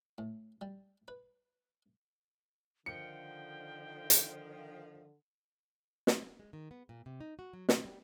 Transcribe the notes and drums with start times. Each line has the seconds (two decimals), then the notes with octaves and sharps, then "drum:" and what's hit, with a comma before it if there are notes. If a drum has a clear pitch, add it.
0.18 A2
0.61 G3
1.08 B4
2.86 D3 D#3 F3 G5 C#7
4.10 drum: hi-hat
6.07 drum: snare
6.39 G#3
6.53 D#3
6.71 B3
6.89 A#2
7.06 C3
7.21 D#4
7.39 F#4
7.53 F#3
7.69 C3, drum: snare
7.85 G3